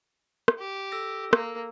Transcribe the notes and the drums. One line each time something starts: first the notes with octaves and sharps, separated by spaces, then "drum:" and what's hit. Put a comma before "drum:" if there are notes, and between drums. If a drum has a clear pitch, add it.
drum: rim click
G4
A4 E6 A#6
A#3, drum: rim click